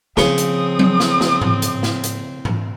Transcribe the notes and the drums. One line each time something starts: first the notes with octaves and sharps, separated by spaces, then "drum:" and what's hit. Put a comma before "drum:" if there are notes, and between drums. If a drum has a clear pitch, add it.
C#3 F3 C4 D#6, drum: snare
drum: hi-hat
drum: tom F#3
drum: snare
drum: snare
drum: tom G#2
drum: hi-hat
drum: snare
drum: hi-hat
drum: tom G#2